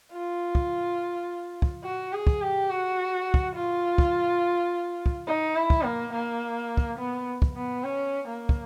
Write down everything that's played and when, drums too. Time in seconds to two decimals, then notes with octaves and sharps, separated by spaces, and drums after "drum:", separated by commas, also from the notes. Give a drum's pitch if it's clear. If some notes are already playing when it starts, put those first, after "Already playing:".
0.12 F4
0.55 drum: kick
1.62 drum: kick
1.84 F#4
2.13 G#4
2.27 drum: kick
2.41 G4
2.69 F#4
3.34 drum: kick
3.55 F4
3.98 drum: kick
5.06 drum: kick
5.27 D#4
5.56 E4
5.70 drum: kick
5.84 A#3
6.13 A#3
6.77 drum: kick
6.99 B3
7.42 drum: kick
7.56 B3
7.84 C#4
8.28 A#3
8.49 drum: kick